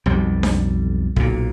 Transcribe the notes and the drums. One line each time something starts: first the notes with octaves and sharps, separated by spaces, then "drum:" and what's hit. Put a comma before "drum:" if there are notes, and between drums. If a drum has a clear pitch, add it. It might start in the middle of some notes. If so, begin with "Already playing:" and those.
B1 F2 G3
drum: snare D4
B1 A#2, drum: kick